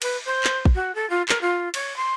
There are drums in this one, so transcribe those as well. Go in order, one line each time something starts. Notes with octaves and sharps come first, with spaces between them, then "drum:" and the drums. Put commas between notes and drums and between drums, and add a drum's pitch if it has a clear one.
B4, drum: cymbal
C5
drum: clap
drum: kick
F#4
A4
F4
A#4, drum: clap
F4
C#5, drum: cymbal
C6